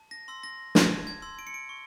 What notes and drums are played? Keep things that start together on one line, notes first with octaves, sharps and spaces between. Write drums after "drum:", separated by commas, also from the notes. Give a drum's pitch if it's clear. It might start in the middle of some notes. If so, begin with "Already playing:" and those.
Already playing: A5
A#6
C6 E6
A#6
A5 G#6, drum: snare
G#6
C6 E6
D7
C#7
D7
C#6